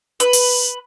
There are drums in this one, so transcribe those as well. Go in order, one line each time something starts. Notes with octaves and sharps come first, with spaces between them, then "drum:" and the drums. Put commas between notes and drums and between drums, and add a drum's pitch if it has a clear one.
B4, drum: hi-hat
drum: open hi-hat